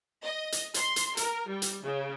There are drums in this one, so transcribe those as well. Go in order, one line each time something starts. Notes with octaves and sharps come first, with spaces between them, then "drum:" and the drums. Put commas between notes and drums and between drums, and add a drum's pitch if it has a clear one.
D#5
drum: hi-hat
C6, drum: hi-hat
drum: hi-hat
A#4, drum: hi-hat
G3
drum: hi-hat
C#3